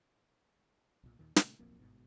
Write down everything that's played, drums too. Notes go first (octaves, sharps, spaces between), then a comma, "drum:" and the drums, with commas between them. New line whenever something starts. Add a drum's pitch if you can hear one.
B1 A#2
D#2 A#2 D#3
A#2 C#3 A3, drum: snare
D1 B1 F2 A#3
G1 G#2 B2